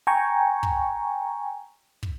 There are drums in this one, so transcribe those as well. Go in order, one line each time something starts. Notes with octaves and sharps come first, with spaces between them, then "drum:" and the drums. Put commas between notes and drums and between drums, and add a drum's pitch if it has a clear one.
G5 G#5 A#5 C#6
drum: kick
drum: kick